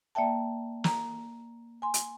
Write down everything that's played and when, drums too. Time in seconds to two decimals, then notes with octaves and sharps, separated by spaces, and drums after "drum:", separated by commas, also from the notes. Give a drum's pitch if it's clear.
0.15 A#3 D5 E5 G5 A5
0.84 A#5, drum: snare
1.82 G#5 C6
1.94 drum: hi-hat